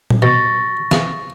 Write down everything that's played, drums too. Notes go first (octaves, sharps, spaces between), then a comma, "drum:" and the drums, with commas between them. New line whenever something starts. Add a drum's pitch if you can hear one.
drum: tom A#2
B2 C#6 A6 A#6
E4 F4 G#4, drum: snare